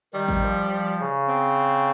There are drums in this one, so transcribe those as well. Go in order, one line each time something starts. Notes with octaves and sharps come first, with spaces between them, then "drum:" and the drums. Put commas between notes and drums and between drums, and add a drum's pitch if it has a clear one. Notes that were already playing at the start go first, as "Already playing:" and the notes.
D#3 G3
drum: kick G#1
F3
F3
C#3
C4